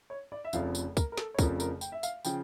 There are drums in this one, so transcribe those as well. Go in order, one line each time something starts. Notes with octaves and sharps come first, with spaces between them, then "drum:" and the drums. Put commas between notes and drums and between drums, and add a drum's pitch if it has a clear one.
C#5
D5
E5
F1 F2 C#3 F3 F5, drum: tambourine
drum: tambourine
A#4, drum: kick, tambourine
A#4
A4, drum: snare
C#5
F1 F2 C#3 F3 A#4, drum: kick, tambourine
A#4, drum: tambourine
G5, drum: tambourine
E5
F5, drum: tambourine
C#3 F3 G5, drum: tambourine